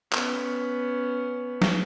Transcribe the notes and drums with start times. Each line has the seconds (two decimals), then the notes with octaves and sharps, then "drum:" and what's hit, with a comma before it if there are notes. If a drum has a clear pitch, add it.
0.13 B3 C#4, drum: clap
1.62 drum: snare